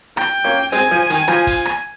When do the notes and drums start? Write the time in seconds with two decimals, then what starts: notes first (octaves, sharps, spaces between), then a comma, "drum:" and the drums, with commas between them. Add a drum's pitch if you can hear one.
0.17 G5, drum: rim click
0.44 A#3 C#4
0.72 G#3 C4 G#5, drum: hi-hat
0.91 F3
1.10 D#3, drum: hi-hat
1.28 F3, drum: rim click
1.47 drum: kick, hi-hat
1.65 drum: rim click